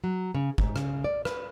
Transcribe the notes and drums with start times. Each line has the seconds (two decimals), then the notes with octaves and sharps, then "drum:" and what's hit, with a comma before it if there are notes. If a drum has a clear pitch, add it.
0.04 F#3
0.34 C#3
0.58 G#2, drum: kick
0.76 C#3, drum: rim click
1.04 D5
1.25 B4, drum: rim click